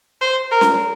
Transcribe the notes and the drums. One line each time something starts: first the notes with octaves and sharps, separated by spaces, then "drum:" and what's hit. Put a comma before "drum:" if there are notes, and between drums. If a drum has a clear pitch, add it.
C5
A#4
drum: snare C#4